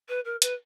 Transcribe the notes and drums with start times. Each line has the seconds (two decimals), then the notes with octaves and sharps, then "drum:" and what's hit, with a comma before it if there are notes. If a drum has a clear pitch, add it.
0.09 B4
0.25 A#4
0.42 B4, drum: hi-hat